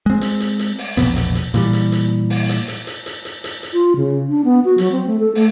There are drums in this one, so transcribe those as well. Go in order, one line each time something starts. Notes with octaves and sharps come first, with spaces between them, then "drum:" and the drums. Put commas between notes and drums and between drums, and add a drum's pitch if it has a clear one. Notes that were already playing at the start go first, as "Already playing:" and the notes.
G#3 C4
drum: hi-hat
drum: hi-hat
drum: hi-hat
drum: open hi-hat
E1 A#1 B2 B3, drum: hi-hat
drum: hi-hat
drum: hi-hat
A#2 E3 G3, drum: hi-hat
drum: hi-hat
drum: hi-hat
drum: open hi-hat
drum: hi-hat
drum: hi-hat
drum: hi-hat
drum: hi-hat
drum: hi-hat
drum: hi-hat
drum: hi-hat
F4
C#3
D4
B3
F#4
F#3, drum: hi-hat
C4
A3
A4
A3, drum: open hi-hat